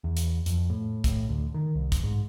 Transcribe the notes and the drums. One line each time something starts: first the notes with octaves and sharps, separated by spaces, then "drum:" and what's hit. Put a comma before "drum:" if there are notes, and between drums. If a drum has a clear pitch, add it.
E2
drum: hi-hat
F2, drum: hi-hat
A2
A2, drum: kick, hi-hat
D2
D#3
C2
drum: kick, hi-hat
G#2